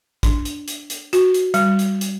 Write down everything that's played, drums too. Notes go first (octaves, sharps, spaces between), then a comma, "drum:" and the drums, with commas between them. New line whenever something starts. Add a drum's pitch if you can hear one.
D4, drum: kick, hi-hat
drum: hi-hat
drum: hi-hat
drum: hi-hat
F#4, drum: hi-hat
drum: hi-hat
G3, drum: hi-hat
drum: hi-hat
drum: hi-hat